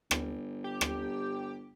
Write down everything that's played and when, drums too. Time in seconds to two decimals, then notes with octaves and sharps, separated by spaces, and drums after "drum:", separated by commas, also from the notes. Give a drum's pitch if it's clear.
0.11 G1, drum: rim click
0.64 G4
0.81 drum: rim click